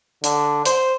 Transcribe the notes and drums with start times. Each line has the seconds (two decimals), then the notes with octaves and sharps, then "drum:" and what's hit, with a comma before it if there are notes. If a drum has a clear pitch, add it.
0.24 D3, drum: hi-hat
0.66 C5, drum: hi-hat